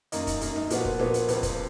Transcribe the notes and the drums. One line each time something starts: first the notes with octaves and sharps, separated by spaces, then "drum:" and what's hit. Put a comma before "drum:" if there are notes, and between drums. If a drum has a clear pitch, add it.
F#2 D#3 A#3 D#4, drum: hi-hat
drum: kick, hi-hat
F#2 D#3 A#3 D#4, drum: hi-hat
drum: snare D4
A#2 F3 B3 F#4, drum: hi-hat
drum: kick
A#2 F3 B3 F#4, drum: snare D4
drum: hi-hat
C#2 C#3 F3 B3, drum: hi-hat
drum: kick, hi-hat